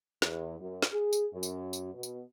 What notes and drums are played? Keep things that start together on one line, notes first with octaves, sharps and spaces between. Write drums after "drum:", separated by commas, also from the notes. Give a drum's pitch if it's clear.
E2, drum: snare
F#2
drum: snare
G#4
drum: tambourine
F#2
drum: tambourine
drum: tambourine
B2
drum: tambourine